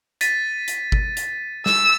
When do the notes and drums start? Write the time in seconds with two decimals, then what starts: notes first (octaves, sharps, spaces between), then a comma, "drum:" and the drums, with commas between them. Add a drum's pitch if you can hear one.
0.21 A6 B6 D#7, drum: hi-hat
0.68 drum: hi-hat
0.92 drum: kick G1
1.17 drum: hi-hat
1.66 E6, drum: snare